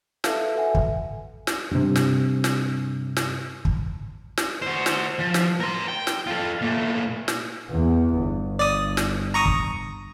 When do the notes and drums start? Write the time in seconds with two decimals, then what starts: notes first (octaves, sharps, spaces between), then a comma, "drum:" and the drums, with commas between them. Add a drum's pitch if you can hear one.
0.24 A4 B4 E5 F5 A5, drum: snare
0.54 F#4 A4 B4 E5 F#5 G#5
0.75 drum: kick
1.47 drum: snare
1.71 G2 C3
1.96 drum: snare
2.44 drum: snare
3.17 drum: snare
3.65 drum: kick
4.37 drum: snare
4.62 F#4 C5
4.86 drum: snare
5.19 F3
5.34 drum: snare
5.60 A#4 C6
5.88 G5
6.07 drum: snare
6.27 F4 A4
6.61 A#2 A3
7.28 drum: snare
7.70 E2 B3
8.18 G1
8.59 D5 D#6
8.97 drum: snare
9.34 A#5 C#6 D#6
9.46 drum: kick